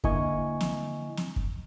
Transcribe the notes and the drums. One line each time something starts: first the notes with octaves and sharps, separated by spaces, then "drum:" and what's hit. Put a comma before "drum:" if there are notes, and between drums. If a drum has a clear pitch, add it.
D3 A#3 E4 D#5 G#5 C#6, drum: kick
drum: snare
drum: snare
drum: kick